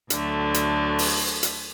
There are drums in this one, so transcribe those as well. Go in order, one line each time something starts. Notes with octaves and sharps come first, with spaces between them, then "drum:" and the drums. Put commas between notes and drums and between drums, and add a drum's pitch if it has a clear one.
D2 D3 F#3 A3, drum: hi-hat
drum: hi-hat
drum: open hi-hat
drum: hi-hat